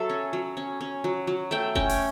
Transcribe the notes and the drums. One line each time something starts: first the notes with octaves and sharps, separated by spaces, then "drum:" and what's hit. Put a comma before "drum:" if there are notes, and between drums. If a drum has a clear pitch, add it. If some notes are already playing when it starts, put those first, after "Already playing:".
Already playing: F#3 A4 E5
C#4
F#3
C#4
C#4
F#3
F#3
A3 G5
C#4 G5, drum: kick F1
drum: open hi-hat